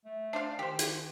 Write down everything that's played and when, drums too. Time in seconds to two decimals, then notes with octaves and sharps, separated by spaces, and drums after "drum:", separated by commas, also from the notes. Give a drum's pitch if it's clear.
0.05 A3
0.33 D4 C5 F5
0.59 D#3 G4 C5
0.79 drum: hi-hat